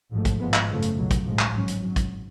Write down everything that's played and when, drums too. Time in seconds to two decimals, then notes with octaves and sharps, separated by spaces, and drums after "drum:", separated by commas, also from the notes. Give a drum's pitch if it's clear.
0.11 A1 G#2 F3 A3
0.25 drum: kick, hi-hat
0.40 G#1 G#2 F3 G#3 B3
0.54 drum: clap
0.69 F#1 F#2 C#3 F3 A3
0.82 drum: hi-hat
0.96 C#2 B2 F#3
1.11 drum: kick, hi-hat
1.25 A1 G#2 F3 G#3
1.39 drum: clap
1.54 G#1 G#2 F#3 C#4
1.68 drum: hi-hat
1.82 G#1 G#2 F#3
1.96 drum: kick, hi-hat